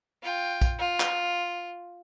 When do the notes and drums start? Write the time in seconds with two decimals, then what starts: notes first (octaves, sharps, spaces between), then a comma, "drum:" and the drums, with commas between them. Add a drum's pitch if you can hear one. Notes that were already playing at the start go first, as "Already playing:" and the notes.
0.23 F4 G5
0.61 drum: kick A#1, tambourine
0.79 F4
1.00 drum: clap